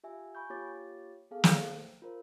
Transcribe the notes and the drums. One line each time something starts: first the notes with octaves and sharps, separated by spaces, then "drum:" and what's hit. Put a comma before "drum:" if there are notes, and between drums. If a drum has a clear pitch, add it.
F4 G4 E5 G#5
G#5 B5 C#6 G6
A#3 F4 G4 C#5 D6 A6
B3 G#4 A4 F5
C5, drum: snare
F4 A#4 C5